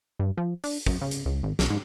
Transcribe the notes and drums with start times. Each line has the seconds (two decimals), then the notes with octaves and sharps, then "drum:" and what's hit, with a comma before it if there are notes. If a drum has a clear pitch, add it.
0.19 G2
0.37 F3
0.64 D4, drum: open hi-hat
0.86 F#2, drum: kick
1.01 C#3
1.11 drum: hi-hat
1.26 C#2
1.43 G#1
1.59 B1, drum: snare
1.70 G#2